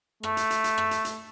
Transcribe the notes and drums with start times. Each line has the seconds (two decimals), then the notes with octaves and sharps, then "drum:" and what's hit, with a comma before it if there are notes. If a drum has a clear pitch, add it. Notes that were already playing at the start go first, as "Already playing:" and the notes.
0.23 A3, drum: rim click
0.37 drum: hi-hat
0.50 drum: hi-hat
0.64 drum: hi-hat
0.78 drum: rim click
0.91 drum: hi-hat
1.05 drum: hi-hat